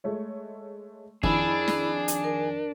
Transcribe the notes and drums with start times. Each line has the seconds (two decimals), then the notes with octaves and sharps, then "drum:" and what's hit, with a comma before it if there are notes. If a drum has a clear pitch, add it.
0.04 G#3 A3 C#5
1.23 F2 D#3 D4 E4 G#4 B5 E6, drum: kick G1
1.68 drum: snare
2.08 drum: hi-hat
2.24 A#4